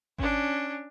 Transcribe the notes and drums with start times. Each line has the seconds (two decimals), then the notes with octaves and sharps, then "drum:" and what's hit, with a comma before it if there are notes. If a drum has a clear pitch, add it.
0.18 C#4 D4, drum: kick G#1